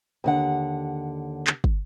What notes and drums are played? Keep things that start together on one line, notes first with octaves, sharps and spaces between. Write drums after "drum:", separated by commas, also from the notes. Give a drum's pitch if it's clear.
D#2 D3 F#5
drum: clap
drum: kick